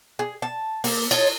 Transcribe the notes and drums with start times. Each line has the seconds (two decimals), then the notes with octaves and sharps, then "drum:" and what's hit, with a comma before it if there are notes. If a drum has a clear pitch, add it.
0.19 G#4
0.42 A5
0.84 A#3, drum: open hi-hat
1.11 F4 C#5 D#5 A5, drum: cymbal